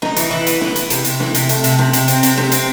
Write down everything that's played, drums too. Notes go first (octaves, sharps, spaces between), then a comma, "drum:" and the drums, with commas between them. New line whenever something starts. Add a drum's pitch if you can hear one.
D#4, drum: snare
E3, drum: hi-hat
E3
B3, drum: hi-hat
B3, drum: snare
E3, drum: hi-hat
C3, drum: hi-hat
C3, drum: hi-hat
E3, drum: snare
C3, drum: hi-hat
A3, drum: hi-hat
C3, drum: hi-hat
C3, drum: snare
C3, drum: hi-hat
C4, drum: hi-hat
C3, drum: hi-hat
C3, drum: snare
C4, drum: hi-hat